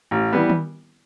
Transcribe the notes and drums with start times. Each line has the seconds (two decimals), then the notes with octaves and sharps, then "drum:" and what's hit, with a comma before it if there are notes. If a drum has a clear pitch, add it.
0.11 A1
0.32 E3 G3 B3
0.50 drum: tom D#3